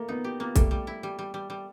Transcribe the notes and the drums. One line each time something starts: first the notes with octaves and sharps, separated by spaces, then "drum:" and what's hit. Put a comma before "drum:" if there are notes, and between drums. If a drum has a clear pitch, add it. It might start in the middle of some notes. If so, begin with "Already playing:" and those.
Already playing: A3 A#3
B3 D#4
G4
A#3 B3
G3 A3, drum: kick, hi-hat
G3
E4
G3
G3
G3
G3